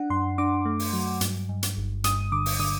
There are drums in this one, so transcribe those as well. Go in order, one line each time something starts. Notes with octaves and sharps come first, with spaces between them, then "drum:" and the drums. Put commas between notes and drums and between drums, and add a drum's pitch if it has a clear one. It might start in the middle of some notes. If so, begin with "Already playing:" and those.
Already playing: D4 F#5
F#2 C6
D4 D6
A3
drum: open hi-hat
F#3
G2, drum: hi-hat
G2
drum: hi-hat
G1
G2 D#6, drum: hi-hat
D3 D6
drum: open hi-hat
D3 D#6